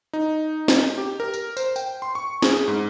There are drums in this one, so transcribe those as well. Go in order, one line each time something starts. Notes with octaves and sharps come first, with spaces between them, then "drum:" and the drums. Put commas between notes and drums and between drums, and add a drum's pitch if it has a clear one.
D#4
drum: snare
G4
A#4
drum: tambourine
C5, drum: tambourine
G5, drum: tambourine
C6
C#6
G#4, drum: snare
G#2